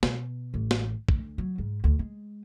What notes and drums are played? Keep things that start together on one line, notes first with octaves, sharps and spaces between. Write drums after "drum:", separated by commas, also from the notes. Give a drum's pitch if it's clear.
B2, drum: snare
A1
drum: snare
D2, drum: kick B1
F#3
G#2
D2
G#3